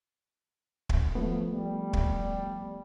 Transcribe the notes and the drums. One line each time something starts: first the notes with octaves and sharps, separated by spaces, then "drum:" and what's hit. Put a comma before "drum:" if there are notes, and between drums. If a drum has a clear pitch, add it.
drum: kick
F3 A3 B3
G3
drum: kick